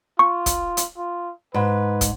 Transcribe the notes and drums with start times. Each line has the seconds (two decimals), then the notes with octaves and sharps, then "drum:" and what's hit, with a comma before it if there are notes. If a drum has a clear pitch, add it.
0.19 F4 C#6
0.46 drum: kick, hi-hat
0.77 drum: hi-hat
0.97 F4
1.54 G#2 B4
2.01 drum: kick, hi-hat